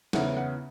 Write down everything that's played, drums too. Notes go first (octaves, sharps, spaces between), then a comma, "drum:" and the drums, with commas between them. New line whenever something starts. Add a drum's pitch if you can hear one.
E2 C#3 E3 B3 E4 F#5, drum: snare
F#5